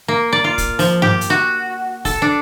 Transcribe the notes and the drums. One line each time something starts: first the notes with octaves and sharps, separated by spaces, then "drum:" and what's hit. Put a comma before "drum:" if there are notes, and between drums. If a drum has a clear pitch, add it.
A#3
D5
F4
drum: kick, hi-hat
F3, drum: open hi-hat
G4, drum: tom G2
drum: hi-hat
F#4
A4, drum: kick, open hi-hat
D4